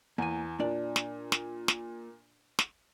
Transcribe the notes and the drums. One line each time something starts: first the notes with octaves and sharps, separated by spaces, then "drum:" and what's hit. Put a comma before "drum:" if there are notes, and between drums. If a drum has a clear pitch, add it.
E2 A#3 G#5
A#2 D4 D5
drum: snare
drum: snare
drum: snare
drum: snare